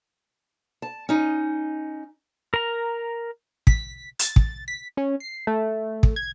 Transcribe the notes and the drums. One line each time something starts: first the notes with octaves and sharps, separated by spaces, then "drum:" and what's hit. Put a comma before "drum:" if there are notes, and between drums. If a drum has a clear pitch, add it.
A5
C#4 D#4
A#4 A#5
B6, drum: kick
A6, drum: hi-hat
drum: kick
B6
C#4
C7
A3
drum: kick
G#6